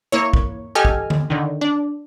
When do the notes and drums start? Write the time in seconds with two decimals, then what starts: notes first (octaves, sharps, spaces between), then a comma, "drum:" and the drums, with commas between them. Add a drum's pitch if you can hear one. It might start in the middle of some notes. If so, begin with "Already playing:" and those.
0.12 A#3 E4 C#5
0.33 drum: kick
0.75 G4 A4 D#5 G#5 F6
0.85 drum: kick
1.10 drum: tom D3
1.30 D3 D#3
1.61 D4